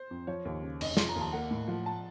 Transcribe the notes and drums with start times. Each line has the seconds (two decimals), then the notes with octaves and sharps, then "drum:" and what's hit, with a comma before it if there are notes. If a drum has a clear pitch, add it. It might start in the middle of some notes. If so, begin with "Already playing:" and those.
Already playing: C5
0.11 F2
0.27 F3 C#5
0.45 D#2
0.63 C#3
0.81 F1 D#5, drum: cymbal
0.97 F3 C6, drum: snare
1.09 A#5
1.16 D#2
1.21 A5
1.33 A#3 F#5
1.51 A2
1.68 F3
1.86 A5